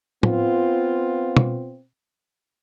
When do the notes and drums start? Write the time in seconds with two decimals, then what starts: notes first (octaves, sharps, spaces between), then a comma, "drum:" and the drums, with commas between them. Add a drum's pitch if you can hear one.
0.23 B3 C4 F4, drum: tom
1.37 drum: tom